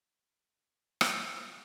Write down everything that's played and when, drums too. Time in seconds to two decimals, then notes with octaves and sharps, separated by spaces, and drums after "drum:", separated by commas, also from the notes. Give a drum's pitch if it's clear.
1.01 drum: rim click
1.32 B3 C4 D#5 F#6